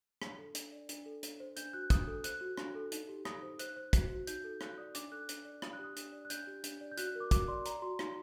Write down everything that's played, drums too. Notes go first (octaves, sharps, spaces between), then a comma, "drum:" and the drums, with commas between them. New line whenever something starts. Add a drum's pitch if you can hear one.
D4, drum: rim click
A4
D4, drum: hi-hat
D5
D4, drum: hi-hat
A4
D4, drum: hi-hat
C5
D4 G6, drum: hi-hat
F#4 F#6
D4 D#6, drum: kick, hi-hat
A4
C5 F#6, drum: hi-hat
F#4
D4, drum: rim click
A4
D#4, drum: hi-hat
G4
D#4 D#6, drum: rim click
C5
C5 F#6, drum: hi-hat
C5
F#4, drum: kick, hi-hat
F#4
D#4 G6, drum: hi-hat
A4
D#4 F#6, drum: rim click
D5 D#6
D4 D6, drum: hi-hat
A4 F#6
D4, drum: hi-hat
D5
D4 D#6, drum: rim click
F#6
G4 D#6
D4, drum: hi-hat
D5
F#6
D4 G6, drum: hi-hat
G4
D4, drum: hi-hat
D5
G6
F#4 F#6, drum: hi-hat
A#4
D6
F#4 D6, drum: kick, hi-hat
D5 C6
D5 A#5, drum: hi-hat
F#4 C6
D#4, drum: rim click